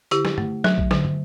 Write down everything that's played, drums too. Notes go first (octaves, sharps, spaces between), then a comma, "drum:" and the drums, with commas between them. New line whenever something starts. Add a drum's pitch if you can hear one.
D3 E4 G4, drum: hi-hat
drum: snare
A3, drum: tom
F#3, drum: snare
drum: kick A#1
D3, drum: snare
drum: tom